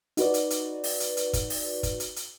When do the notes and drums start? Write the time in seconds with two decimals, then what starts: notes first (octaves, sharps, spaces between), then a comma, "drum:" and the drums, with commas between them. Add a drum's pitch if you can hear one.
0.17 D#4 F#4 B4 D5, drum: hi-hat
0.34 drum: hi-hat
0.50 drum: hi-hat
0.84 drum: open hi-hat
1.00 drum: hi-hat
1.17 drum: hi-hat
1.33 drum: kick, hi-hat
1.50 drum: open hi-hat
1.83 drum: kick, hi-hat
2.00 drum: hi-hat
2.16 drum: hi-hat